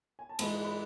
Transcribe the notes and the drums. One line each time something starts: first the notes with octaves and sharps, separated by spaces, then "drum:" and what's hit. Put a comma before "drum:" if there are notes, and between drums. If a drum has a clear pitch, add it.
G#5
A5
G#2 E3 G#3 B5, drum: cymbal
B5